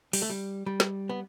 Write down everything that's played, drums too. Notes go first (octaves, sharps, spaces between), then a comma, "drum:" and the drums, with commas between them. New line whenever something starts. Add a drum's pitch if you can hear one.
G3, drum: open hi-hat
A3
G3
G3
drum: snare
B3